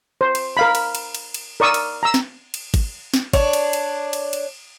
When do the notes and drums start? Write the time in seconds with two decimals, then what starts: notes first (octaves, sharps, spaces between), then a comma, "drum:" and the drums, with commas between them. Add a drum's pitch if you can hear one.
0.21 C5
0.35 drum: cymbal
0.57 A#4 F5 B5
0.75 drum: cymbal
0.95 drum: cymbal
1.15 drum: cymbal
1.34 drum: cymbal
1.60 A#4 D5 C#6 D#6 E6
1.74 drum: cymbal
2.03 A#5 E6
2.14 drum: snare
2.54 drum: cymbal
2.74 drum: kick, cymbal
3.14 drum: snare
3.33 D4 C#5, drum: kick, cymbal
3.53 drum: cymbal
3.73 drum: cymbal
4.13 drum: cymbal
4.33 drum: cymbal